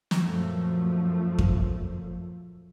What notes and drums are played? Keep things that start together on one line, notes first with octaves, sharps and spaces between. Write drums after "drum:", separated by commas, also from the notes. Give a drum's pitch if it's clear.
drum: snare
F#2 A#2 F3 A3
drum: kick F2